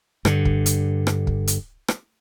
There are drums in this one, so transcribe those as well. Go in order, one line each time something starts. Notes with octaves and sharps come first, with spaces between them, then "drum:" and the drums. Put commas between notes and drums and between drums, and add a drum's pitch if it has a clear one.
G2 D3, drum: rim click
drum: kick
drum: hi-hat
drum: rim click
drum: kick
drum: hi-hat
drum: rim click